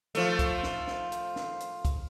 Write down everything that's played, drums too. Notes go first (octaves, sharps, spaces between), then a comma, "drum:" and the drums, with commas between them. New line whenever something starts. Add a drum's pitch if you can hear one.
F3 A3, drum: hi-hat
drum: kick, hi-hat
drum: snare
drum: snare
drum: hi-hat
drum: snare
drum: hi-hat
drum: kick, hi-hat